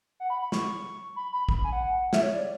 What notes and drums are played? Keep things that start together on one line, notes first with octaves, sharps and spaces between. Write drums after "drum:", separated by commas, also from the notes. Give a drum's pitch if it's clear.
F#5
B5
B5
C#6, drum: snare
B5
B5
B5, drum: kick
G#5
F#5
E5, drum: snare
C#5
D5